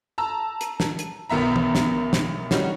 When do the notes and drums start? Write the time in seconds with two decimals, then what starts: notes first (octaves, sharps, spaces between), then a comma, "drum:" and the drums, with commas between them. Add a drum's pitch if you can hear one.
0.18 A5 A#5 E6
0.61 drum: hi-hat
0.80 drum: snare
0.99 drum: hi-hat
1.29 B1 D#3 B3 E5 A#5
1.56 drum: tom E3
1.75 drum: snare
2.13 drum: snare
2.51 G3 C#4 D#4 F#4, drum: snare